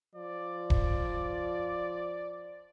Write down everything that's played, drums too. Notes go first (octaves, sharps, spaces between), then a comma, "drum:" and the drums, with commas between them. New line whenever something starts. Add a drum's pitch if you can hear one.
F3 D5
drum: kick D#1